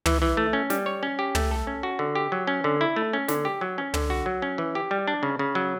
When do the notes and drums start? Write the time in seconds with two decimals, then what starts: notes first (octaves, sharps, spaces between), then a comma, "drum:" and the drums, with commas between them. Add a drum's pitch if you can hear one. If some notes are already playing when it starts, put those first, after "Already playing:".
0.06 E3, drum: tom
0.22 E3
0.37 A3
0.53 C#4
0.70 G3, drum: snare
0.86 C#5
1.03 C#4
1.19 G4
1.35 A3, drum: tom
1.51 A4
1.67 C#4
1.83 F#4
1.99 D3
2.16 G4
2.32 F#3
2.47 C#4
2.64 D3
2.81 E4
2.96 A3
3.13 C#4
3.28 D3, drum: snare
3.45 G4
3.61 F#3
3.78 C#4
3.94 D3, drum: tom
4.10 F#4
4.26 F#3
4.42 C#4
4.58 E3
4.75 G4
4.91 G3
5.08 D4
5.23 C#3
5.39 C#3
5.55 F#3